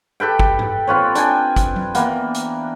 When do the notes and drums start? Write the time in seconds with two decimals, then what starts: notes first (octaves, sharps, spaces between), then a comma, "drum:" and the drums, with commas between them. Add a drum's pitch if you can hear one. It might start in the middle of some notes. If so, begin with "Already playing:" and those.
0.20 G4 A4 B4 G5
0.39 drum: kick
0.59 drum: tom G#2
0.87 C4 F4 B4 C#5
1.15 D4 G5 G#5, drum: hi-hat
1.56 drum: kick, hi-hat
1.76 drum: tom F#3
1.95 E3 A#3 B3, drum: hi-hat
2.34 drum: hi-hat